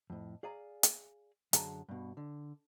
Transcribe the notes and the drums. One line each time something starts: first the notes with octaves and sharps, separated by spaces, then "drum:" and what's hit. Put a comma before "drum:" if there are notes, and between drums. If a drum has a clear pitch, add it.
F2 A2
G#4 D5 F5 G#5 A#5
drum: hi-hat
F#2 D3 D4 G#4 A5 A#5, drum: hi-hat
G2 B2
D3